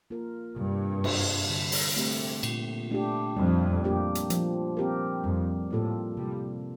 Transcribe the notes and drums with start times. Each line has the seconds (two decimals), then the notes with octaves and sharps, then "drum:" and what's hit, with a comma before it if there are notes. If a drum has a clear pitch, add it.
0.10 A#3 F4 A#4
0.56 G2 C3
1.04 G3 D4, drum: cymbal
1.50 D3
1.72 drum: open hi-hat
1.96 A3 C4 G4
2.43 A#2, drum: cymbal
2.91 A3 D4 G4
3.37 F2 G3
3.84 A#3 D4 G4
4.15 drum: hi-hat
4.30 F3, drum: hi-hat
4.77 C4 G4 A#4
5.24 F2 G3
5.71 A2 A#3 F4 A4
6.17 C3 G3